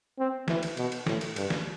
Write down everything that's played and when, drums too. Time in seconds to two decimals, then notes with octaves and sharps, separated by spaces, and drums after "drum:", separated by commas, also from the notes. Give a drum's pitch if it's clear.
0.19 C4
0.48 E3, drum: snare
0.63 drum: cymbal
0.77 B2, drum: cymbal
0.92 drum: cymbal
1.06 A2, drum: snare
1.21 drum: cymbal
1.36 G2, drum: cymbal
1.50 drum: snare